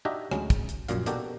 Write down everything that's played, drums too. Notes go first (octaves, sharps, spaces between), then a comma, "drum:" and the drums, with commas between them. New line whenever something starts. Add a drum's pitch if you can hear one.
D4 D#4 F#4 G4 D#5 E5
D2 F#3 G#3 C#4, drum: rim click
drum: kick, hi-hat
drum: hi-hat
A#1 F#2 A#2 F5, drum: hi-hat
B2 A#3 D4 F#4 G4 A4, drum: hi-hat